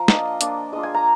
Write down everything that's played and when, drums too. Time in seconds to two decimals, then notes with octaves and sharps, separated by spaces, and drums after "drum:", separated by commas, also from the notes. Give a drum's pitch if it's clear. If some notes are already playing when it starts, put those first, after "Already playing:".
Already playing: F3 A#5
0.08 A#3 D4 F4 D#5, drum: snare
0.41 A#3 D4 F4, drum: hi-hat
0.72 G#3 D4 F4 D#5
0.83 G#5
0.94 A#5